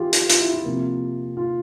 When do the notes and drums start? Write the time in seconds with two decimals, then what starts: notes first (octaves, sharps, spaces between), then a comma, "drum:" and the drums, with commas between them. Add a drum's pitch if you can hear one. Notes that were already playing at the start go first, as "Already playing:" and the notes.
Already playing: E3 F4 G4 G#4
0.13 drum: hi-hat
0.30 F4, drum: hi-hat
0.40 E4
0.53 F4
0.65 C3 F3 A#3
1.37 F4